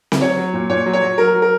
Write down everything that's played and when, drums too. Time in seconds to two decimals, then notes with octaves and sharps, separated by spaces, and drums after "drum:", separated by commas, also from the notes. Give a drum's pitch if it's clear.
0.12 drum: snare C4
0.21 F#3 C#5
0.37 F#3
0.53 A#2
0.70 A#2 C#5
0.86 F#3
0.93 C#5
1.02 F#3
1.18 F#3 A#4
1.34 F#3
1.42 A#4